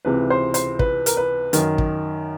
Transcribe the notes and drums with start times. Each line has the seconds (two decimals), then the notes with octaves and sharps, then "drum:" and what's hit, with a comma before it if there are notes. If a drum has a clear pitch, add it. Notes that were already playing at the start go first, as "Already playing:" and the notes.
0.05 C#2 C3 E3 B4
0.30 C5
0.54 C5, drum: hi-hat
0.79 B4, drum: kick
1.06 A#4, drum: hi-hat
1.17 B4
1.53 F#2 D#3 A#4, drum: hi-hat
1.78 drum: kick